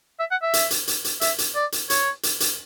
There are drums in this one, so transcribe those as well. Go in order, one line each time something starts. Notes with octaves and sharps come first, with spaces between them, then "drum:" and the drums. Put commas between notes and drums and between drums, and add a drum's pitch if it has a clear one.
E5
F#5
E5
drum: hi-hat
drum: hi-hat
drum: hi-hat
drum: hi-hat
E5, drum: hi-hat
drum: hi-hat
D5
drum: hi-hat
C#5, drum: hi-hat
drum: hi-hat
drum: hi-hat